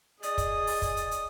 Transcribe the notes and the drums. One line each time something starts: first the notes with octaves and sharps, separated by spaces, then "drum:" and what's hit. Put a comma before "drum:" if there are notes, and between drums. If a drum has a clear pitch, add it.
G#4 D5 D#5 D#6, drum: hi-hat
drum: kick, hi-hat
drum: open hi-hat
drum: kick, hi-hat
drum: hi-hat
drum: hi-hat